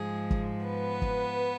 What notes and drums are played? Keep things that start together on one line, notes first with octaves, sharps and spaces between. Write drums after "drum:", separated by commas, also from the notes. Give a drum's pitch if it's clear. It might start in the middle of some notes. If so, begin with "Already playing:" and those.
Already playing: G#2 F3 G#3 G#4
drum: kick
B3 B4
drum: kick